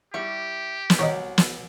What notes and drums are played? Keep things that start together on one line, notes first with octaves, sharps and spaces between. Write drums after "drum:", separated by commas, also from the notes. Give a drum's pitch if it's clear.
G3 E4 G4 C#6
drum: snare
C2 F#3 F#4 C5 D#5
drum: snare